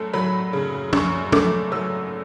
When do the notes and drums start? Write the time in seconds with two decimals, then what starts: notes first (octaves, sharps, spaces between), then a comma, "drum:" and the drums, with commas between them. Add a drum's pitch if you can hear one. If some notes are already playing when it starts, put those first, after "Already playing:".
Already playing: F#2 A3 A5
0.13 F#3 B5
0.53 C#3
0.93 F#2 C#6, drum: tom
1.32 A3 D6, drum: tom
1.72 F#3 E6